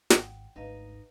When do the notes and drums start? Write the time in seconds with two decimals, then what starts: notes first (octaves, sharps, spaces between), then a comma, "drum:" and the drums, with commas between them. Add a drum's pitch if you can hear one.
0.10 G#1 F#5 G5 D#6, drum: snare
0.56 G#1 D2 D#4 B4 D#5 F5